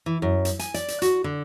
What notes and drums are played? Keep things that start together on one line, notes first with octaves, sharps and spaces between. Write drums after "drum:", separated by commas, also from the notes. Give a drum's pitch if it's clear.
E3
F#2
drum: hi-hat
G#5, drum: hi-hat
D5, drum: hi-hat
drum: hi-hat
F#4, drum: hi-hat
D3